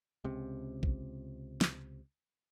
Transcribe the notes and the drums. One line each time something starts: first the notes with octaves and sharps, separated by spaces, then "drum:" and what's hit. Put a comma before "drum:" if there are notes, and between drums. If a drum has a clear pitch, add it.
C#2 C3
drum: kick
drum: snare